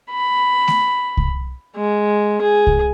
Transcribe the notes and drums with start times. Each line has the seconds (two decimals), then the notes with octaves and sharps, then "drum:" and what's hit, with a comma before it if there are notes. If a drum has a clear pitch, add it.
0.11 B5
0.68 drum: snare A3
1.17 drum: kick C2
1.76 G#3
2.42 G#4
2.67 drum: kick C2